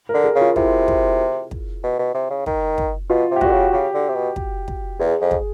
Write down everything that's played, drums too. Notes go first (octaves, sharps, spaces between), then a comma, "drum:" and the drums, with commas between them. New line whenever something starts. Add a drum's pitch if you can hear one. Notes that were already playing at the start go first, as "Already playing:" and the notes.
A#4
D3
G#4
C#3
F4
C3 E4, drum: kick
drum: kick
drum: kick
B2
B2
C3
C#3
D#3, drum: kick
drum: kick
B2 F4
C3
G4
D3 F#4, drum: kick
C#3
C#3 G4
D3
C3
B2
drum: kick
drum: kick
E2 G#4
F2
drum: kick